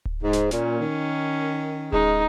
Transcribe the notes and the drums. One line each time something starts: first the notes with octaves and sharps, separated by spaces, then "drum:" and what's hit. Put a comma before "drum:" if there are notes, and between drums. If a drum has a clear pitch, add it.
drum: kick D1
G#2
drum: snare
A#2 C#4, drum: snare
D#3
G#3 D#4, drum: kick D1